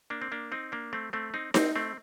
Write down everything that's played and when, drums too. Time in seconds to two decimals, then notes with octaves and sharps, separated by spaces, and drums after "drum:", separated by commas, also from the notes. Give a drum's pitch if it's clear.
0.10 A#3 D4
0.22 C4
0.32 A#3 D4
0.52 C4 D#4
0.72 A#3 D4
0.93 A3 C4
1.13 A3 C4
1.34 C4 D#4
1.54 C4 D#4, drum: snare D#4
1.76 A3 C4